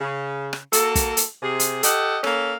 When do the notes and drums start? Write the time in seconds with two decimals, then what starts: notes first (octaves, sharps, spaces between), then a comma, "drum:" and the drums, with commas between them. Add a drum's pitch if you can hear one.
0.01 C#3
0.53 drum: rim click
0.73 A#3 F#4 A4, drum: hi-hat
0.95 drum: kick, hi-hat
1.17 drum: hi-hat
1.42 C3 G#4
1.60 drum: hi-hat
1.83 G4 A4 D#5 F#5, drum: hi-hat
2.24 A#3 C#4 A4 F5, drum: rim click